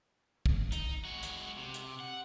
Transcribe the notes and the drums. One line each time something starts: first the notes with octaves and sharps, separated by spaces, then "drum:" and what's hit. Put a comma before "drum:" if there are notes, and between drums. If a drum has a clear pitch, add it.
drum: kick
D#4, drum: hi-hat
G#3 F#4
drum: hi-hat
C3
drum: hi-hat
F#5